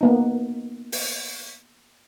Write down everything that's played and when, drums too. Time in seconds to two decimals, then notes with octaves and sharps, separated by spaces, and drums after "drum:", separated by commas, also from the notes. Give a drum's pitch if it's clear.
0.01 A#3 B3 D#4
0.92 drum: open hi-hat